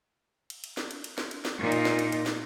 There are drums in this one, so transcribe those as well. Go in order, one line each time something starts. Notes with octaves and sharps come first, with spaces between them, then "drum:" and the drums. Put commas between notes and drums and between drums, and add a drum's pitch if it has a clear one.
drum: cymbal
drum: cymbal
drum: snare
drum: cymbal
drum: cymbal
drum: snare
drum: cymbal
drum: snare
A#2 D#4
drum: cymbal
drum: snare
drum: cymbal
drum: cymbal
drum: snare